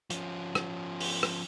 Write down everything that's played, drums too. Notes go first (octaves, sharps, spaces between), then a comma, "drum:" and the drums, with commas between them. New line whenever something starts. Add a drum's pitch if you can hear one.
F3 C#4, drum: hi-hat
drum: rim click
drum: open hi-hat
drum: rim click